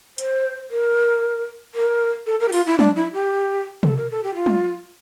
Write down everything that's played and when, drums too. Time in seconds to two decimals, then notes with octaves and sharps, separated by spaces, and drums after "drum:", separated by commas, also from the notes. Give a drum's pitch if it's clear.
0.18 C5, drum: hi-hat
0.71 A#4
1.75 A#4
2.27 A4
2.40 A#4
2.48 G4
2.52 F4, drum: open hi-hat
2.66 E4
2.79 D4, drum: tom
2.96 E4
3.13 G4
3.83 A4, drum: tom
3.97 A#4
4.10 A4
4.24 G4
4.35 F4
4.46 drum: tom